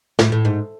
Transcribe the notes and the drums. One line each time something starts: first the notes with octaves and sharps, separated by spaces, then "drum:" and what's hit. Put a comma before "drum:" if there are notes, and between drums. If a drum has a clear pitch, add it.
A2, drum: snare
A2
G#2